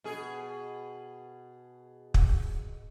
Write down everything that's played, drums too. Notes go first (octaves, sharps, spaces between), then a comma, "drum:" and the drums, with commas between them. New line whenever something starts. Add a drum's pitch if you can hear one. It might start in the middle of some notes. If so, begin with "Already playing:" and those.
B2 G#4
drum: kick